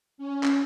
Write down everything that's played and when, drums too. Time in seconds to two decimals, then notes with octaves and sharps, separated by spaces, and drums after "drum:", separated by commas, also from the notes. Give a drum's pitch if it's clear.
0.18 C#4
0.43 drum: clap